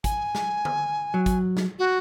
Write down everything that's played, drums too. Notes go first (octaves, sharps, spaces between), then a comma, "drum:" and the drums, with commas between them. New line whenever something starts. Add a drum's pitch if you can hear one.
G#5, drum: kick, hi-hat
drum: snare
drum: tom D3
F#3
drum: kick, hi-hat
drum: snare
F#4